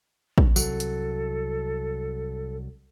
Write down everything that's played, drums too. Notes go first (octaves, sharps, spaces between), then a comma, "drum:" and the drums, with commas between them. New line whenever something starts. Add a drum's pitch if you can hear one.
drum: kick
C2 F#3 A4, drum: tambourine
drum: hi-hat